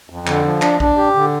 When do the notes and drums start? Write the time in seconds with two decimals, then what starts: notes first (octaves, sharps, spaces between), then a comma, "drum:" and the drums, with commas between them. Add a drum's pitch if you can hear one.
0.10 F2
0.27 D3, drum: clap
0.45 F3
0.62 D4, drum: clap
0.80 D4, drum: kick A#1
0.97 G4
1.15 D3